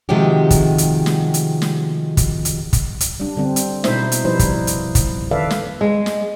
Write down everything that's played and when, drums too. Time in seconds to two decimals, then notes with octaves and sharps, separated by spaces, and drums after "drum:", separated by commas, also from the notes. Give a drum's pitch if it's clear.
0.09 C3 D#3 F3 G#3 F#4 G4
0.50 drum: kick, hi-hat
0.78 drum: hi-hat
1.06 drum: snare
1.34 drum: hi-hat
1.62 drum: snare
2.17 drum: kick, hi-hat
2.45 drum: hi-hat
2.73 drum: kick, hi-hat
3.00 drum: hi-hat
3.20 G3 D4
3.37 D3 G3 C4
3.56 drum: hi-hat
3.84 B2 D#4 E4 C5 E5, drum: snare
4.12 drum: hi-hat
4.25 F3 G3 D#4 E4 B4 C5
4.39 drum: kick, hi-hat
4.67 drum: hi-hat
4.95 drum: kick, hi-hat
5.31 D#3 A4 B4 D5 E5 F5
5.50 drum: snare
5.81 G#3
6.06 drum: snare